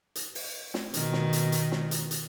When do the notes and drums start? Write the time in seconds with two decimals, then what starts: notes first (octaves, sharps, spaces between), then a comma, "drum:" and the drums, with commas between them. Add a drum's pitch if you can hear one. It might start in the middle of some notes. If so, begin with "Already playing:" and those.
0.15 drum: hi-hat
0.35 drum: open hi-hat
0.74 drum: snare
0.94 B2 D#3, drum: hi-hat
1.13 drum: snare
1.33 drum: hi-hat
1.52 drum: hi-hat
1.72 drum: snare
1.91 drum: hi-hat
2.11 drum: hi-hat